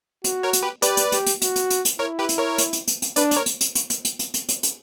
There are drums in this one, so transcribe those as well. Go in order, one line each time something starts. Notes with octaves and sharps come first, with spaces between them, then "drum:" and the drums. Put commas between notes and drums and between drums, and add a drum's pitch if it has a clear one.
F#4, drum: hi-hat
A#4 C#5
drum: hi-hat
G4 B4
G4 B4 D5, drum: hi-hat
drum: hi-hat
G4, drum: hi-hat
drum: hi-hat
F#4, drum: hi-hat
drum: hi-hat
drum: hi-hat
drum: hi-hat
E4 A#4 C#5
G4 B4
drum: hi-hat
A#4 C#5
drum: hi-hat
drum: hi-hat
drum: hi-hat
drum: hi-hat
D4 B4 D5, drum: hi-hat
D5, drum: hi-hat
A#4 C#5
drum: hi-hat
drum: hi-hat
drum: hi-hat
drum: hi-hat
drum: hi-hat
drum: hi-hat
drum: hi-hat
drum: hi-hat
drum: hi-hat